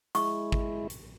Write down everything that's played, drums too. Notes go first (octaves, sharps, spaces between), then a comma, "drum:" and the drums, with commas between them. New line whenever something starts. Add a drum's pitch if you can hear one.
G#3 E4 C#6, drum: hi-hat
drum: kick
drum: hi-hat